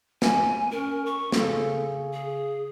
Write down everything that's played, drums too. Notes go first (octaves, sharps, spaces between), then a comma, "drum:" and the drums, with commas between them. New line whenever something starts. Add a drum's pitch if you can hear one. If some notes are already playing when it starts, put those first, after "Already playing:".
G#5, drum: snare
C#4 A#4
C#6
C#3 A4, drum: snare
G#4